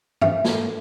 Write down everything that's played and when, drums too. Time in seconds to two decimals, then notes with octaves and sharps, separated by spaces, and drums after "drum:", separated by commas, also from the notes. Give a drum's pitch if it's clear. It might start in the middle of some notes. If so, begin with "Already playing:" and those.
0.21 D4 E5, drum: tom G2
0.45 A4, drum: snare